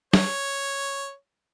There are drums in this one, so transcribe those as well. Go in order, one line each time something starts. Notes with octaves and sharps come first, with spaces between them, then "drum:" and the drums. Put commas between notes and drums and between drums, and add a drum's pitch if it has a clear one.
C#5, drum: snare